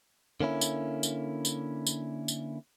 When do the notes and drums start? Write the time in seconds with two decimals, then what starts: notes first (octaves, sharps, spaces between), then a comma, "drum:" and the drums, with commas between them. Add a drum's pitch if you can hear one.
0.40 D3 A#3 C#4 E4
0.61 drum: tambourine
1.03 drum: tambourine
1.45 drum: tambourine
1.87 drum: tambourine
2.28 drum: tambourine